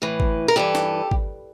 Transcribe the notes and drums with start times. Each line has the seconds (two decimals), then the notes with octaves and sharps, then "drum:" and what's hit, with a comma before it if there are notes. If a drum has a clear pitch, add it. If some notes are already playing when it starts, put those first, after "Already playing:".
0.02 A2 E3
0.20 drum: kick
0.48 A#4
0.56 G2 E3 G4 A4
0.75 drum: snare
1.11 drum: kick